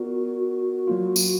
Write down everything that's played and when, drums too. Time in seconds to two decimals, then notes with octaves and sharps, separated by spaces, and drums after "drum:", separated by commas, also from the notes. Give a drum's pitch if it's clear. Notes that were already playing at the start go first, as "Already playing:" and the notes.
Already playing: B3 F4 F#4 A#4 D5
0.87 F#3 A#3 F4
1.16 drum: tambourine